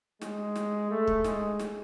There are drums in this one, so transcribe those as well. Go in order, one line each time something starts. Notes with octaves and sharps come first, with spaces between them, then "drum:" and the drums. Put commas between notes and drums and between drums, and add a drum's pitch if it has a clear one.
G#3, drum: snare
drum: snare
A3
drum: kick
G#3, drum: snare
drum: snare